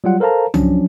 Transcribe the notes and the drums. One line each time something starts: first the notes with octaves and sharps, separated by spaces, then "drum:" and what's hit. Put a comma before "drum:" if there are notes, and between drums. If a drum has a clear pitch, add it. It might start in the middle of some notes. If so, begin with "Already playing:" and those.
F#3 G3 F4 F#5
A4 A#4 C5 F5 A5 A#5
F3 F#3 C#4 D4, drum: tom C2